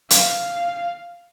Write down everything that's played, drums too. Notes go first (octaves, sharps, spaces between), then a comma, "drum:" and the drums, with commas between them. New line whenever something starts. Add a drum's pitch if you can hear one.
F5, drum: hi-hat